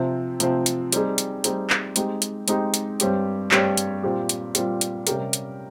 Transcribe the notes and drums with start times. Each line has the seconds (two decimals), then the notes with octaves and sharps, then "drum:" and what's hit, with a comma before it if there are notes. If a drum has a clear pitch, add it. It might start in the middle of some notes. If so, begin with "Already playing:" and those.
Already playing: C3 F3 C4
0.40 C3 F3 C4, drum: hi-hat
0.66 drum: hi-hat
0.92 G3 C4 D#4 G#4, drum: hi-hat
1.18 drum: hi-hat
1.44 G3 C4 D#4 G#4, drum: hi-hat
1.70 drum: clap
1.96 G#3 C4 D#4 G4, drum: hi-hat
2.22 drum: hi-hat
2.48 G#3 C4 D#4 G4, drum: hi-hat
2.74 drum: hi-hat
3.00 G2 G3 C4 G4 C#5, drum: hi-hat
3.51 G2 G3 C4 G4 C#5, drum: clap
3.77 drum: hi-hat
4.03 A#2 G3 C4 G4
4.29 drum: hi-hat
4.55 A#2 G3 C4 G4, drum: hi-hat
4.81 drum: hi-hat
5.07 C3 G3 C#4 G4 A#4, drum: hi-hat
5.33 drum: hi-hat